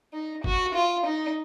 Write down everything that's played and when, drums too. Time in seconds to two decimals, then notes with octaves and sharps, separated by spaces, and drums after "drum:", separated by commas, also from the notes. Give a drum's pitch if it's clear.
0.13 D#4
0.44 F#4, drum: kick G1
0.75 F4
1.06 D#4